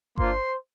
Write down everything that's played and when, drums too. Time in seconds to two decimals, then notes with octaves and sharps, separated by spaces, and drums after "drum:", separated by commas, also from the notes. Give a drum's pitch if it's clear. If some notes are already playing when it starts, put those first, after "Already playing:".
0.18 A#3 D4 F4 C5 C6, drum: kick G1